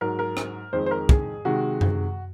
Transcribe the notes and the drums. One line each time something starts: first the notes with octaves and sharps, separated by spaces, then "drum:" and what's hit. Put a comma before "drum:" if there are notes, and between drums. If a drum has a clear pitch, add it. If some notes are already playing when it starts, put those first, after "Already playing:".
G#2 F#3 A#4
A#4
drum: rim click
F2 D#3 G#3 C5
C5
A#4
G#4, drum: kick
C3 D#3 G#3 F#4
drum: tom F#2